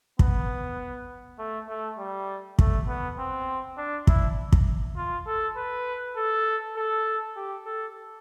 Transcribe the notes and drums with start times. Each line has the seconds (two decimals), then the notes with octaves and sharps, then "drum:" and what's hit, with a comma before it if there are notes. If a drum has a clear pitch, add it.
0.19 B3, drum: kick
1.38 A3
1.68 A3
1.99 G3
2.59 A3, drum: kick
2.88 B3
3.18 C4
3.78 D4
4.07 E4, drum: kick
4.52 drum: kick
4.97 F4
5.27 A4
5.57 B4
6.16 A4
6.76 A4
7.36 G4
7.66 A4